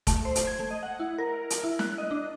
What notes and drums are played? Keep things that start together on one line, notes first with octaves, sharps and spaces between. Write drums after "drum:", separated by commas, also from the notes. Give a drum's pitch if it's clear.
A3, drum: kick, hi-hat
C5
drum: hi-hat
G#6
A3
D#5
F#5
E4
A#4
drum: hi-hat
E4
F#6, drum: snare
D#5
D4